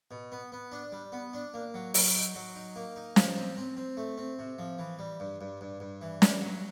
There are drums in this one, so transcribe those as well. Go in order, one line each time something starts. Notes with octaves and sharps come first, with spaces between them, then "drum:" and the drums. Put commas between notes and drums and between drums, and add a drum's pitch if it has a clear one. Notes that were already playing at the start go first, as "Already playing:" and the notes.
B2
B3
B3
D4
G3
B3
D4
A#3
F#3
F#3, drum: open hi-hat
D#4
F#3
D#4
A#3
D#4
F3, drum: snare
C4
C4
C4
A3
C4
C3
F3
E3
G3
G2
G2
G2
G2
E3
G2, drum: snare
F#3